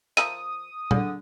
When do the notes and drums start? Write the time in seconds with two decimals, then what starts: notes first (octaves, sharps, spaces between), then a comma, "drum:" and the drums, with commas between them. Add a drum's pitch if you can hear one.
0.17 F3 A#4 E5 D#6 D#7, drum: hi-hat
0.91 D3 G#4, drum: tom A#2